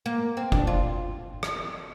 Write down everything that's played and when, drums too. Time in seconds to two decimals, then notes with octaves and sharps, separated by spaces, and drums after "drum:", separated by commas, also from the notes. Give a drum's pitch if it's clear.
0.06 A#3
0.37 C4
0.52 D4, drum: kick F#1
0.67 F4
1.43 drum: rim click